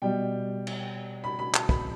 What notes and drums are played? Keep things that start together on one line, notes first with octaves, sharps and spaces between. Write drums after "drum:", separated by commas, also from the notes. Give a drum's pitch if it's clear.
B2 G3 G5
drum: cymbal
B5
B5
A5, drum: clap
B5, drum: kick